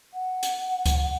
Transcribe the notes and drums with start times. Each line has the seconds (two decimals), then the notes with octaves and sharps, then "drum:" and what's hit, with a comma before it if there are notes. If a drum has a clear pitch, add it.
0.14 F#5
0.43 drum: hi-hat
0.86 drum: kick C#2, hi-hat